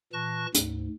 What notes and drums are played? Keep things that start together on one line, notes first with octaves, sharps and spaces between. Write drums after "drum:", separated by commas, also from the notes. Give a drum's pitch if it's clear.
A#2 E3 A5 C#6 F#6 A#6
D2 G#2, drum: hi-hat